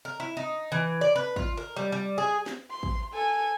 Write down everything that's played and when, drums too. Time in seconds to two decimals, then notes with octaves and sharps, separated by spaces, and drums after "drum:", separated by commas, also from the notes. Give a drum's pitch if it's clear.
0.05 A#4
0.20 E4
0.37 D#4
0.72 E3
1.01 D5
1.16 B4
1.36 F4, drum: kick
1.57 A#4
1.76 G3
1.92 G3
2.18 G#4
2.46 drum: snare
2.71 C6
2.83 drum: kick
3.14 A4 G#5